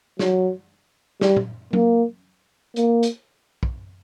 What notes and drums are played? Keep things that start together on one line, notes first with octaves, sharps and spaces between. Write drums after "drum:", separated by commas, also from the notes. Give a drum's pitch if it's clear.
F#3, drum: snare
G3, drum: snare
drum: tom A#2
A#3, drum: tom F#3
A#3, drum: hi-hat
drum: hi-hat
drum: kick